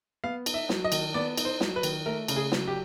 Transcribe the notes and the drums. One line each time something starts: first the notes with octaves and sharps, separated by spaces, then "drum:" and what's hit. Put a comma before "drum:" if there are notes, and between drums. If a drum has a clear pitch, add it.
B3 F5
D#4, drum: cymbal
E5
F#3, drum: snare
D#5
D#3, drum: cymbal
B3 D5
D#4, drum: cymbal
C5
F#3, drum: snare
B4
D#3, drum: cymbal
A3 A#4
C#3, drum: cymbal
G#4
F#3, drum: snare
G4